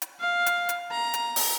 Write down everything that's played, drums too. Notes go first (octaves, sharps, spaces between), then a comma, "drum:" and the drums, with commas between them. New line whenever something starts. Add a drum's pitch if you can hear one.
drum: hi-hat
F5
drum: hi-hat
drum: hi-hat
A#5
drum: hi-hat
drum: open hi-hat